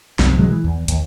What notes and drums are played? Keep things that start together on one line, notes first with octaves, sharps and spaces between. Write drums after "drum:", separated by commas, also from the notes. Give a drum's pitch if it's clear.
C2 F#2 C3, drum: snare
B2 E3 F#3 G#3
E3
E2
D#2, drum: hi-hat